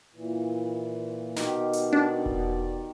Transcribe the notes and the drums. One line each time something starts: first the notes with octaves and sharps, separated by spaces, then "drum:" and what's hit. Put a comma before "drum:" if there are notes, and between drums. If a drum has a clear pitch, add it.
A#2 E3
B2 D#3 G4, drum: snare
drum: hi-hat
D4 D5
drum: kick E1